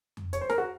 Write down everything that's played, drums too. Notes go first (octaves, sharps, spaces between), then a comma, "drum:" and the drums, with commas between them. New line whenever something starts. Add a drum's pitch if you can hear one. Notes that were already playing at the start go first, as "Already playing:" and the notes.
drum: tom F2
C#5, drum: kick, hi-hat
C5
A#4, drum: snare
F#4